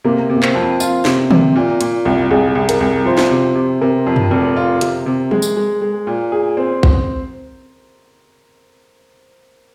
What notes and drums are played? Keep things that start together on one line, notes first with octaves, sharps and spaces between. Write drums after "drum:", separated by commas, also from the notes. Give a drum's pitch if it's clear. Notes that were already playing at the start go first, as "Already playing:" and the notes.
C3 A#3
C3
A#3
C4, drum: clap
F2
F4, drum: tambourine
C3, drum: snare
C3, drum: tom D3
A#2
A#2, drum: hi-hat
C2
C2 G#4
C2
A#4, drum: hi-hat
C2
F3 C5
drum: snare
C3
C3
C3 A#4
F2
drum: tom F#2
F1
F4
C3, drum: hi-hat
C3
G#3, drum: tom E3
drum: tambourine
G#3
G#3
A#2
G#4
C4
drum: kick A#1